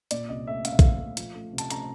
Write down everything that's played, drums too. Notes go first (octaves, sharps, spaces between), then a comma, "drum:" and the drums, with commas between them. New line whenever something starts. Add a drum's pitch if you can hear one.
A#2 D5, drum: hi-hat
C2 D#5
A3 E5
A#2 F5, drum: hi-hat
E5
A3 F5, drum: kick B1, hi-hat
A3
F3, drum: hi-hat
A3
C3
A5, drum: hi-hat
A3 A#5, drum: hi-hat